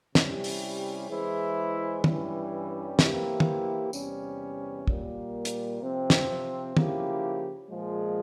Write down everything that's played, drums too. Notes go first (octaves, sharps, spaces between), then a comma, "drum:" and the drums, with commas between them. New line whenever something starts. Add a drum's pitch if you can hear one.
C3 G3 C#4 E4 G4, drum: snare
drum: open hi-hat
E3 G#3 E4 G#4 C5
G2 E3 G3 C#4 E4, drum: tom
E3 A#3 E4 G4 C5, drum: snare
drum: tom
E2 C3 G3 C#4, drum: tambourine
A#2 G3 A#3, drum: kick
drum: hi-hat
C3 F3 C4
drum: snare
C#3 F3 A#3 E4 G4, drum: tom
A#2 F3 G#3